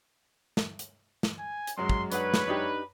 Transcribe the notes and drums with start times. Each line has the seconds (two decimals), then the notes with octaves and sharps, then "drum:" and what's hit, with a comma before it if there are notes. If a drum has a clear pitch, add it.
0.57 drum: snare
0.79 drum: hi-hat
1.23 drum: snare
1.39 G#5
1.67 drum: hi-hat
1.78 F#2 F#3 G#3 C6
1.89 drum: kick
2.12 D4 G#4 B4 C#5 F#5, drum: hi-hat
2.34 drum: snare
2.47 D4 D#4 G4